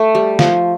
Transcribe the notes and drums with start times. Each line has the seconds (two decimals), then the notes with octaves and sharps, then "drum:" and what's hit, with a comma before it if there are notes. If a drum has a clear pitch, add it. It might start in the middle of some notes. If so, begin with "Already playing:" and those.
Already playing: A3
0.15 G3
0.39 F3, drum: snare